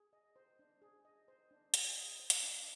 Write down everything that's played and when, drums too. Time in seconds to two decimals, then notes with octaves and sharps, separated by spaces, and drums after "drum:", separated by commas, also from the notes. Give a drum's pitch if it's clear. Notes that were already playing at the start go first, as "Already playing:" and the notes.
Already playing: G#4
0.13 D#5
0.36 C5
0.59 D4
0.82 G#4
1.05 D#5
1.28 C5
1.51 D4
1.74 G#4, drum: hi-hat
1.97 D#5
2.19 C5
2.30 drum: hi-hat
2.43 D4